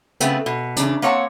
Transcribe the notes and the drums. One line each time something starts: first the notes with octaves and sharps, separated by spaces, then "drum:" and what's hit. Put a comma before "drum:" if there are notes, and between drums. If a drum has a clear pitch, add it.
C#3 A3 B3 C4, drum: hi-hat
B2
E2 C#3 D4, drum: hi-hat
A#3 C4 C#5 F#5 A5